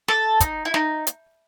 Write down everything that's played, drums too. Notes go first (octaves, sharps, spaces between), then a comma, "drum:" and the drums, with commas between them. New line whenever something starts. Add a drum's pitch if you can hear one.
A4, drum: snare
D#4, drum: kick, hi-hat
E4
D#4, drum: snare
drum: hi-hat